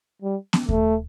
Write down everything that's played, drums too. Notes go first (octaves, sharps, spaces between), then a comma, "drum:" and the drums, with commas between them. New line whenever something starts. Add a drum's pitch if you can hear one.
G3
drum: snare B3
A3, drum: kick D#2